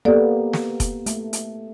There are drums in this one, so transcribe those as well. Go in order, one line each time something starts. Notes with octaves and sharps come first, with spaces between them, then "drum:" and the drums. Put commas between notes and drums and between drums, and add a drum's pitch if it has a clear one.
A#3 B3 G4 A4 D5
drum: snare
drum: kick F1, hi-hat
A3, drum: hi-hat
drum: hi-hat